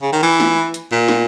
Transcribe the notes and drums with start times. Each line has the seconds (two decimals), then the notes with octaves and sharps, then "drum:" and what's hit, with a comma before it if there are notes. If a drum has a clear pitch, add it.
0.02 C#3
0.12 D#3
0.23 E3
0.40 drum: snare
0.74 drum: hi-hat
0.92 A#2
1.08 drum: snare